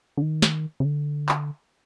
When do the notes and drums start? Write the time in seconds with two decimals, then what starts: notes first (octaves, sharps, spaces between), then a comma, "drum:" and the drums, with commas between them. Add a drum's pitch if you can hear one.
0.17 D3
0.22 D#3
0.42 drum: snare
0.80 C#3
0.85 D3
1.29 drum: clap